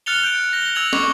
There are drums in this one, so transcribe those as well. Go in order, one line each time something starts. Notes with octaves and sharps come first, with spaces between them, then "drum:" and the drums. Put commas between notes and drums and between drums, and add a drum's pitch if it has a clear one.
F6 F#6 A6 C#7 F7 G7
G6 D7
A#6 G7
E6 G#6 F7 F#7
C#6 D6 G#6, drum: snare